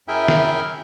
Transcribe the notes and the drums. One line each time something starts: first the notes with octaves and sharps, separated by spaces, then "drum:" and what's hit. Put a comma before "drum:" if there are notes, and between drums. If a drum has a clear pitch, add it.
F#2 E4 G#4 A#4 E5 G5
drum: snare